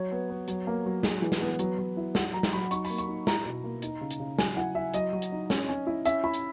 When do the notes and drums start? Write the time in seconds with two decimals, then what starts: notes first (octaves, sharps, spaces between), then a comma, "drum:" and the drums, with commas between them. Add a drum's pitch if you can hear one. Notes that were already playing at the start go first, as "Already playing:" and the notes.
Already playing: F#3 C#5
0.12 B3
0.30 B3
0.48 F#3, drum: hi-hat
0.67 A#3
0.86 F#3
1.03 G#3, drum: snare
1.22 E3
1.32 drum: snare
1.41 B3
1.59 F#3, drum: hi-hat
1.78 F#3
1.97 E4
2.15 F#3 F#5, drum: snare
2.34 F#3 A#5
2.43 drum: snare
2.53 F#3 B5
2.71 D#4 C#6, drum: hi-hat
2.85 B5, drum: open hi-hat
2.90 A#3
2.98 C#6, drum: hi-hat
3.08 D#4
3.27 E4 A#5, drum: snare
3.46 B2
3.64 A#3
3.82 D#4, drum: hi-hat
4.01 C#3
4.11 drum: hi-hat
4.20 C#3
4.38 F#3 G#5, drum: snare
4.57 E4 F#5
4.75 E4 E5
4.94 F#3 D#5, drum: hi-hat
5.13 F#3
5.22 drum: hi-hat
5.32 D#4
5.50 C#4, drum: snare
5.69 C#4
5.87 E4
6.05 C#4 E5, drum: hi-hat
6.24 E4 B5
6.34 drum: hi-hat